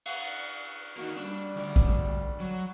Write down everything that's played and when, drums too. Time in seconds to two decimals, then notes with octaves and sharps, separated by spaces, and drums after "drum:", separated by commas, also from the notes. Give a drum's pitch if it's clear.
0.05 drum: cymbal
0.97 A#3 D#4 F#4
1.16 G3 D4
1.56 D2 D5
1.76 drum: kick
2.40 F#3